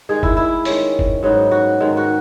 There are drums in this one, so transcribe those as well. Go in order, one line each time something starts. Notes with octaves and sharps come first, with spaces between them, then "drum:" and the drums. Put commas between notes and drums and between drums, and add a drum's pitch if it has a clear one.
D#3 G#3 D#4 G#4
E4, drum: kick
E4
D#3 G#3 C#4, drum: open hi-hat
drum: kick
G#2 F#3 B3 D#4
F#4
G#2 D#3 G#3
F#4